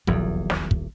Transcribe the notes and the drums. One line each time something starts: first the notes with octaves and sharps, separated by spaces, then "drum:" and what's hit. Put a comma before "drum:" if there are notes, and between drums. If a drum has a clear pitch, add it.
D#1 A#1 E2 F3 F#3, drum: kick
drum: snare
drum: kick